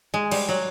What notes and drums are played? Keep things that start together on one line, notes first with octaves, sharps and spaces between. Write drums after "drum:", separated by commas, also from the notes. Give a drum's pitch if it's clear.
G#3
G3, drum: cymbal
F#3